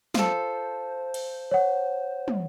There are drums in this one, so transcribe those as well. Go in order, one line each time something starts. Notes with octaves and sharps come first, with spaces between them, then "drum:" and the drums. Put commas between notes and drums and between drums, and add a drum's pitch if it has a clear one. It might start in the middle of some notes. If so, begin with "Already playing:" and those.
F4 A4 C5, drum: snare
drum: cymbal
C#5 F#5
drum: tom